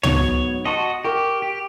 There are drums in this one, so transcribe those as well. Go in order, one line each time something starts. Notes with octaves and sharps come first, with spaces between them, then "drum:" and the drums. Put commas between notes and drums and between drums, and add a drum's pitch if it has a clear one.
G#2 F#3 B3 C#5, drum: tom
F#4 D#5 A5 C6 C#6
G4 A#4 C#6
G4